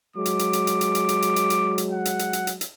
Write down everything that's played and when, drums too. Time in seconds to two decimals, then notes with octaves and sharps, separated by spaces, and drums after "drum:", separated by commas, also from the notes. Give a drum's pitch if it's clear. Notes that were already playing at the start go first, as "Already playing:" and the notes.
0.16 F#3 G#3 D6
0.25 drum: hi-hat
0.39 drum: hi-hat
0.53 drum: hi-hat
0.67 drum: hi-hat
0.81 drum: hi-hat
0.95 drum: hi-hat
1.09 drum: hi-hat
1.22 drum: hi-hat
1.36 drum: hi-hat
1.50 drum: hi-hat
1.78 drum: hi-hat
1.92 F#5
2.05 drum: hi-hat
2.19 drum: hi-hat
2.33 drum: hi-hat
2.47 drum: hi-hat
2.61 drum: hi-hat